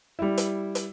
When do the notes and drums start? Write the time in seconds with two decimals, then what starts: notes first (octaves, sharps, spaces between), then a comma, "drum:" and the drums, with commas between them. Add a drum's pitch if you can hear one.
0.19 G3 E4
0.37 drum: hi-hat
0.75 drum: hi-hat